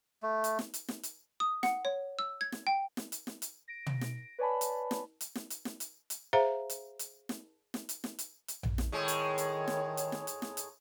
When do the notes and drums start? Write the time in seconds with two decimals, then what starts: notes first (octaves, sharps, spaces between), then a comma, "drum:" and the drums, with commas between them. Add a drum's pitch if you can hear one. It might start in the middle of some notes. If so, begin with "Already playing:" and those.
0.23 A3
0.44 drum: hi-hat
0.59 drum: snare
0.74 drum: hi-hat
0.89 drum: snare
1.03 drum: hi-hat
1.40 D#6
1.63 F#5, drum: snare
1.85 C#5
2.19 E6
2.41 G#6
2.52 drum: snare
2.67 G5
2.97 drum: snare
3.12 drum: hi-hat
3.27 drum: snare
3.42 drum: hi-hat
3.68 A#6 D7
3.86 drum: tom
4.01 drum: snare
4.39 B4 C#5 D5 G#5 A5 B5
4.61 drum: hi-hat
4.91 drum: snare
5.21 drum: hi-hat
5.35 drum: snare
5.50 drum: hi-hat
5.65 drum: snare
5.80 drum: hi-hat
6.10 drum: hi-hat
6.33 G#4 C5 E5 F5 A#5
6.70 drum: hi-hat
6.99 drum: hi-hat
7.29 drum: snare
7.74 drum: snare
7.89 drum: hi-hat
8.04 drum: snare
8.19 drum: hi-hat
8.48 drum: hi-hat
8.63 drum: tom A#1
8.78 drum: snare
8.92 A2 D#3 G#3 C#5
9.08 drum: hi-hat
9.38 drum: hi-hat
9.68 drum: snare
9.97 drum: hi-hat
10.12 drum: snare
10.27 drum: hi-hat
10.42 drum: snare
10.57 drum: hi-hat